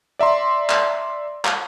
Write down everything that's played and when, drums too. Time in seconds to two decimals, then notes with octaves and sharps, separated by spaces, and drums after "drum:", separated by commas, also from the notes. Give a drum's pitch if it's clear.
0.19 D5 E5 A#5 C6
0.70 drum: clap
1.45 drum: clap